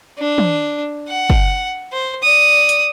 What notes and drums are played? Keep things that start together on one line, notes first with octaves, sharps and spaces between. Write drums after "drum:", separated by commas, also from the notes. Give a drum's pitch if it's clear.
D4
drum: tom
F#5
drum: kick
C5
D5 D#6
drum: hi-hat